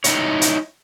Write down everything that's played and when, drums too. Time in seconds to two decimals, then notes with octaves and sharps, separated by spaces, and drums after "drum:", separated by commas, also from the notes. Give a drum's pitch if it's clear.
0.04 D#4 E4 C#5, drum: hi-hat
0.42 drum: hi-hat